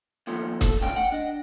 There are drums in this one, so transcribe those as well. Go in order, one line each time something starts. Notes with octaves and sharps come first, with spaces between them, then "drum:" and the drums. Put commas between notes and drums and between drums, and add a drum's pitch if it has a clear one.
D#2 F3 A3
A4, drum: kick, hi-hat
C#3 A3 F5 G5
F#5
D4 D#5